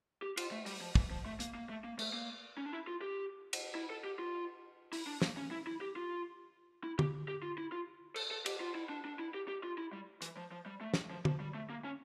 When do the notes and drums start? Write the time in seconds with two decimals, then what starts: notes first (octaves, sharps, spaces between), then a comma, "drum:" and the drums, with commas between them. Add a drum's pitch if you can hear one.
0.22 G4
0.37 F4, drum: cymbal
0.51 A3
0.66 G3, drum: open hi-hat
0.81 F3
0.95 E3, drum: kick
1.11 F3
1.26 A3
1.40 A#3, drum: hi-hat
1.55 A#3
1.69 A3
1.84 A#3
1.99 A3, drum: cymbal
2.13 A#3
2.58 C#4
2.66 D4
2.73 E4
2.87 F4
3.01 G4
3.53 drum: cymbal
3.75 E4
3.90 A4
4.04 G4
4.19 F4
4.93 E4, drum: open hi-hat
5.07 D4
5.22 A#3, drum: snare
5.37 C#4
5.51 E4
5.67 E4
5.81 G4
5.96 F4
6.84 E4
6.99 G4, drum: tom
7.28 G4
7.43 F4
7.58 E4
7.72 F4
8.16 A4, drum: cymbal
8.31 A4
8.46 G4, drum: cymbal
8.60 F4
8.75 E4
8.89 D4
9.05 D4
9.19 E4
9.34 G4
9.48 G4
9.63 F4
9.78 E4
9.93 G3
10.22 E3, drum: hi-hat
10.37 F3
10.51 F3
10.66 G3
10.81 A3
10.94 drum: snare
11.10 F3
11.25 F3, drum: tom
11.40 G3
11.54 A3
11.70 A#3
11.84 C#4